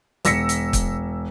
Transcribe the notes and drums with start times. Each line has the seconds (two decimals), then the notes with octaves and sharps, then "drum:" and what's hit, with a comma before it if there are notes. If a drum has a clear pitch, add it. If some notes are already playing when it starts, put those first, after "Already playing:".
0.25 E1 E6 A#6 B6 C#7, drum: hi-hat
0.49 drum: hi-hat
0.73 drum: kick, hi-hat